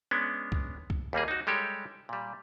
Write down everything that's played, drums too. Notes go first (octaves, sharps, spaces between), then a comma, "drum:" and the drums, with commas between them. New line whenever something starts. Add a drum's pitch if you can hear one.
G#3 B3 C#4 D4
drum: kick C2
drum: kick C2
D#2 G3 A#3 G#4
D#4 F#4
G3 G#3 G4 A4 C#5
A#2 G3